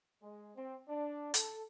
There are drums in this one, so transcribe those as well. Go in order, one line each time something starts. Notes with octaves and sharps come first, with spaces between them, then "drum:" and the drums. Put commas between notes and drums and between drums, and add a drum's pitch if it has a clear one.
G#3
C4
D4
A4, drum: hi-hat